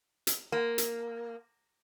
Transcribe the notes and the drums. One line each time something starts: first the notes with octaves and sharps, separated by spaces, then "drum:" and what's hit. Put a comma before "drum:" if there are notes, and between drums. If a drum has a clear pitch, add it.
drum: hi-hat
A#3
drum: hi-hat